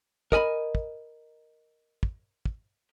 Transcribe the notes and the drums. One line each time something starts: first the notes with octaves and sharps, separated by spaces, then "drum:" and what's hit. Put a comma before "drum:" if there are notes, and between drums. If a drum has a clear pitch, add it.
A#4 D#5 G#5 B5, drum: kick
drum: kick
drum: kick
drum: kick